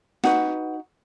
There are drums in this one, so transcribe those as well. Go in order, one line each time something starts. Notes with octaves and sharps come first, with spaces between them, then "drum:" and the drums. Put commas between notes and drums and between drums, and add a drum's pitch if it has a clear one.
D#4 F#4 B4 F#5, drum: snare